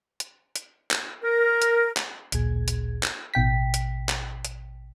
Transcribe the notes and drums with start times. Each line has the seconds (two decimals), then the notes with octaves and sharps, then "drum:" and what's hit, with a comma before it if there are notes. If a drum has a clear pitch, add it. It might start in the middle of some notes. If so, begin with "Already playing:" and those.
0.20 drum: hi-hat
0.56 drum: hi-hat
0.91 drum: clap
1.22 A#4
1.62 drum: hi-hat
1.97 drum: clap
2.32 A1 D2 A#2 G#4 G#6, drum: hi-hat
2.68 drum: hi-hat
3.03 drum: clap
3.34 A1 B2 G5 B6
3.74 drum: hi-hat
4.09 drum: clap
4.45 drum: hi-hat